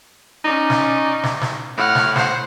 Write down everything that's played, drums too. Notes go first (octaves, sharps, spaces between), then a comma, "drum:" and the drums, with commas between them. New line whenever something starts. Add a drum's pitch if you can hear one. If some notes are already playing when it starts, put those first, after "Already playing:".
C#4 D#4 D5
drum: snare
drum: snare
drum: snare
A2 F#5 F6
drum: snare
C5 F#5, drum: snare